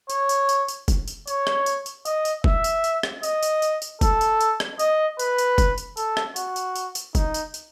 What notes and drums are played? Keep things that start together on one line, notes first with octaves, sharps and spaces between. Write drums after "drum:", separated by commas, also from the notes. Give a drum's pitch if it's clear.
C#5, drum: tambourine
drum: tambourine
drum: tambourine
drum: tambourine
drum: kick, tambourine
drum: tambourine
C#5, drum: tambourine
drum: rim click
drum: tambourine
drum: tambourine
D#5, drum: tambourine
drum: tambourine
E5, drum: kick
drum: tambourine
drum: tambourine
drum: rim click
D#5, drum: tambourine
drum: tambourine
drum: tambourine
drum: tambourine
A4, drum: kick, tambourine
drum: tambourine
drum: tambourine
drum: rim click
D#5, drum: tambourine
B4, drum: tambourine
drum: tambourine
drum: kick, tambourine
drum: tambourine
A4, drum: tambourine
drum: rim click
F#4, drum: tambourine
drum: tambourine
drum: tambourine
drum: tambourine
D#4, drum: kick, tambourine
drum: tambourine
drum: tambourine